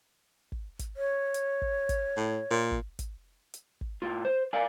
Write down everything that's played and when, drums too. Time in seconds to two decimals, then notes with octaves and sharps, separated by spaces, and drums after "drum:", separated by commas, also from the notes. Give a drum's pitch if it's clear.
0.52 drum: kick
0.79 drum: kick, hi-hat
0.97 C#5
1.34 drum: hi-hat
1.62 drum: kick
1.89 drum: kick, hi-hat
2.16 A2
2.51 A#2
2.71 drum: kick
2.99 drum: kick, hi-hat
3.54 drum: hi-hat
3.81 drum: kick
4.02 A2 F4
4.25 C5
4.53 A#4 D5 F5 G#5